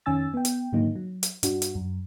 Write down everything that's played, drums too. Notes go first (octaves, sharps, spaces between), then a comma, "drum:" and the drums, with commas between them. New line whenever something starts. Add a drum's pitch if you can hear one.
F2 D#3 C#4 G#5 E6 A6
B3 G5
drum: hi-hat
G#2 D3 D#3 F#3 A#3 D#4
F#3
drum: hi-hat
G2 D4 F#4, drum: hi-hat
drum: hi-hat
F#2